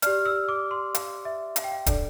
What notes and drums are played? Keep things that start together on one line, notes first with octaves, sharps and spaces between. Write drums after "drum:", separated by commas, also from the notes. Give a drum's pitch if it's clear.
G4 D5 F6, drum: hi-hat
E6
D6
C6
F5, drum: hi-hat
E5
F5, drum: hi-hat
G5
F5
D4 A4 D5, drum: kick, hi-hat